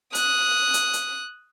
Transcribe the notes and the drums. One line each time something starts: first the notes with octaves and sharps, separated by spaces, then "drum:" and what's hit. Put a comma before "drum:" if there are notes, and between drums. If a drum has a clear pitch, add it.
D#6 F#6, drum: hi-hat
drum: hi-hat
drum: hi-hat